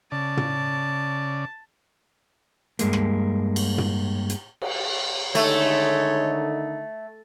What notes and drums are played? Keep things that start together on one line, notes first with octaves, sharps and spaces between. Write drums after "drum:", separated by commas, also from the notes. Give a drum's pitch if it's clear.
C#3 D5 A5
drum: tom
G2 G#3 A#3, drum: hi-hat
drum: rim click
drum: cymbal
drum: tom
drum: hi-hat
drum: cymbal
D3 D#3 G#3 A3 D#4 C#5, drum: cymbal